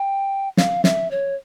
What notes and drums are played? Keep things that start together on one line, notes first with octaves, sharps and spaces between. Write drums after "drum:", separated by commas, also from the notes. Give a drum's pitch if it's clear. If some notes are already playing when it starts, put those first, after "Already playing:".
Already playing: G5
F5, drum: snare
E5, drum: snare
C#5